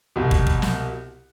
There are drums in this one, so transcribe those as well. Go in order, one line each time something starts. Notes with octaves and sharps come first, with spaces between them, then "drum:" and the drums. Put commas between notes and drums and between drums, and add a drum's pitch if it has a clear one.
C2 B2
drum: kick
drum: kick
drum: snare